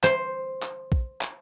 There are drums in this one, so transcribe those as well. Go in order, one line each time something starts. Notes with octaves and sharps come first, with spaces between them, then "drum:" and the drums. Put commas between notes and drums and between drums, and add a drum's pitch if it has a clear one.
C5, drum: clap
drum: clap
drum: kick A#1
drum: clap